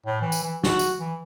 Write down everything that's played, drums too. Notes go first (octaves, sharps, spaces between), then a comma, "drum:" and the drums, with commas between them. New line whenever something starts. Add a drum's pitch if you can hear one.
A2
E3
drum: tambourine
E3
F#4, drum: snare
drum: tambourine
E3